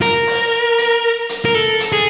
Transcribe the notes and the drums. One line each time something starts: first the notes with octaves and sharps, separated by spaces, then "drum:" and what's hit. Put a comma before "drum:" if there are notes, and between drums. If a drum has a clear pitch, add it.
A#4, drum: hi-hat
drum: open hi-hat
drum: hi-hat
drum: hi-hat
A#4
A4
drum: hi-hat
G#4